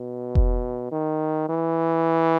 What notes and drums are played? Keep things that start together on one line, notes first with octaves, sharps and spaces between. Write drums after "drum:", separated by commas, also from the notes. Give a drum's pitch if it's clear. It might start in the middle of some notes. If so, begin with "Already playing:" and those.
Already playing: B2
drum: kick F1
D#3
E3